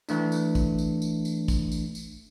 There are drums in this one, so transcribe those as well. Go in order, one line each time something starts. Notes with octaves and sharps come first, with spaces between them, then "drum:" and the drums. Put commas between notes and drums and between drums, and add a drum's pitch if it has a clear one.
E3 A3 D4, drum: tambourine
drum: tambourine
drum: kick, tambourine
drum: tambourine
drum: tambourine
drum: tambourine
drum: kick, tambourine
drum: tambourine
drum: tambourine